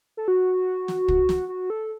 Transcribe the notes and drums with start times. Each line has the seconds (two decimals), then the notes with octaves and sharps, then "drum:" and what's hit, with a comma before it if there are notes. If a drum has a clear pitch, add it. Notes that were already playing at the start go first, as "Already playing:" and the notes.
0.17 A4
0.28 F#4
0.88 drum: snare
1.09 drum: kick
1.29 drum: snare
1.49 F#4
1.70 A4